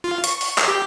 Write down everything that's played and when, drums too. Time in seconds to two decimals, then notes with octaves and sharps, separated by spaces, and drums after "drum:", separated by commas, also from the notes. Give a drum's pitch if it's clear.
0.04 F4
0.24 C#6, drum: hi-hat
0.41 drum: open hi-hat
0.58 drum: clap
0.68 G4